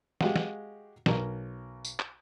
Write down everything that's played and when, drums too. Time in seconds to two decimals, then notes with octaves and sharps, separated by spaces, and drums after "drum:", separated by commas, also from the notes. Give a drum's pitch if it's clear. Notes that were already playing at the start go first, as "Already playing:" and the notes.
0.21 G#3 F#4 G4 F5 F#5, drum: snare
0.36 drum: snare
1.06 B1 A#4, drum: snare
1.85 drum: tambourine
1.99 drum: clap